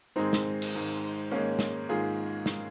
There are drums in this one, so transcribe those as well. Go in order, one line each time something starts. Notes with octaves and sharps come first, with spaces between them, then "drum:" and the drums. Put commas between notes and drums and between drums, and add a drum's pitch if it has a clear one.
G#2 D#3 G#3 C4 D#4
drum: snare
drum: cymbal
G#2 D#3 G#3
G#2 D#3 G#3 A#3 C#4
drum: snare
G#2 D#3 G#3 F4 G#4
drum: snare